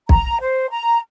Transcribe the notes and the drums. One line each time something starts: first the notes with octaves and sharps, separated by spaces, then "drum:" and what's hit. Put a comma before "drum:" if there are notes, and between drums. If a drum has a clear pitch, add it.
A#5, drum: kick B1
C5
A#5